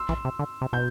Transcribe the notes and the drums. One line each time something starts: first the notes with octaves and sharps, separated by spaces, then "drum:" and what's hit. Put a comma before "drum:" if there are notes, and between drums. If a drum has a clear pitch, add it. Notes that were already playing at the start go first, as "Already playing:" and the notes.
Already playing: C6 E6
E3, drum: kick A#1
C3
D3
C3
B2 G6